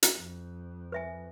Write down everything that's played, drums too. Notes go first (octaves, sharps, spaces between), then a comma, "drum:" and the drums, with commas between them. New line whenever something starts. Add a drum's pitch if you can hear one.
drum: hi-hat
F2
B4 E5 G#5